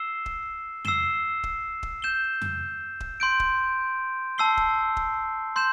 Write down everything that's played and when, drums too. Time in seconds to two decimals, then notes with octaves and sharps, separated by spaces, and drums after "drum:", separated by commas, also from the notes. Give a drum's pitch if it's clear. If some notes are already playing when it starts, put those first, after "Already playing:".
Already playing: E6 C7 E7 G7
0.26 drum: kick D#1
0.85 E6 C7 E7 G7, drum: tom F2
1.43 drum: kick D#1
1.83 drum: kick D#1
2.02 G6 E7 G7
2.42 drum: tom F2
3.00 drum: kick D#1
3.20 C6 G6 D7
3.40 drum: kick D#1
4.38 A5 E6 C7 G7
4.57 drum: kick D#1
4.97 drum: kick D#1
5.56 C6 G6 E7